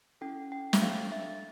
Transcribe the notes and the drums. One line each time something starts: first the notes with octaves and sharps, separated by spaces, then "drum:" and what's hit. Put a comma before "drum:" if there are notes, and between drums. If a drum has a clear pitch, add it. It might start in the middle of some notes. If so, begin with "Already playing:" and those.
C#4 E4 A4 G5
G5
E5, drum: snare
D4 A4 F5
E5